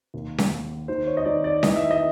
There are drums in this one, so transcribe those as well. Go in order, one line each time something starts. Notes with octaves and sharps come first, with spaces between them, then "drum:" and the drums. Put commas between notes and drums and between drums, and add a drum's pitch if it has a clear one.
D#2
drum: snare C#4
D#2
D#3 C5
C#5
D#5
D#3 D5
D5
E3 D#5, drum: snare C#4
E5
D#5